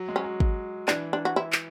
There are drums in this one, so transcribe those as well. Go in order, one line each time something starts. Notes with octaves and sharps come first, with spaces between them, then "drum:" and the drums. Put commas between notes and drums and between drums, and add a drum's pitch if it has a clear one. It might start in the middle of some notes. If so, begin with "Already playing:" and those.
Already playing: F#3
G#3
C#4
F#3
drum: kick
E3 D4, drum: clap
D4
F#4
E4
drum: clap